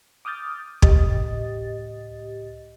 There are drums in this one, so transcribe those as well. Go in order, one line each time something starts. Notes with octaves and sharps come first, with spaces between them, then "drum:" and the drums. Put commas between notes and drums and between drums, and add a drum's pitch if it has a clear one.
D6 D#6 F6 G6 A6
C#2 A2 G4 D#5 A6, drum: kick